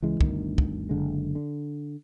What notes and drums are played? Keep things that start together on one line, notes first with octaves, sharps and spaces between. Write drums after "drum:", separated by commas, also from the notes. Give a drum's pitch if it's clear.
C#2 E3 G#3
G1 D2 D#3, drum: kick
drum: kick
F#1 D3 G#3
D3